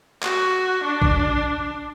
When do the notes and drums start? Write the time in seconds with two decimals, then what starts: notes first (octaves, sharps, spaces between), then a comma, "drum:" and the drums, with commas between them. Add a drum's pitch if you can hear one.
0.23 F#4, drum: clap
0.84 D4
1.02 drum: kick